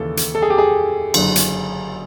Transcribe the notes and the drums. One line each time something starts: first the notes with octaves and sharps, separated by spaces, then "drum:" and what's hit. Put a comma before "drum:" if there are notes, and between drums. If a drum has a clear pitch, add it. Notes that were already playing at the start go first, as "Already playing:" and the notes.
Already playing: D#2 C#3 E3 A4
drum: hi-hat
A4
G#4
G4
G#4
F#1 F#2 D3, drum: cymbal
drum: hi-hat